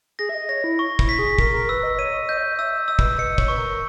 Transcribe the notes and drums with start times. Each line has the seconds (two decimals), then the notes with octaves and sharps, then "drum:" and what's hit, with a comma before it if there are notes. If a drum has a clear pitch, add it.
0.19 G#4 A#6
0.29 E5
0.34 D#5
0.49 C#5 A#6
0.64 E4
0.79 C#6
0.99 E4, drum: kick
1.09 B6
1.19 G#4
1.38 A#4 B6, drum: kick
1.54 A#4
1.69 B4 E6
1.83 D#5
1.98 C#5 D#7
2.14 D#5
2.28 D#5 G6
2.38 C#5
2.43 D#5
2.58 E5 E6
2.78 D#5
2.88 E6
2.99 B4, drum: kick
3.18 D#5 C#7
3.38 C#5, drum: kick
3.48 B4 C#6
3.58 A#4